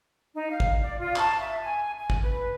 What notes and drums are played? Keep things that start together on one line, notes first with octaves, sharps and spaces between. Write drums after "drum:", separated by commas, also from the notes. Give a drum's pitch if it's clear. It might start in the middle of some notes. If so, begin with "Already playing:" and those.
D#4
F5
drum: kick G#1
D5
F4
A5, drum: clap
E5
G#5
G#5
drum: kick G#1
B4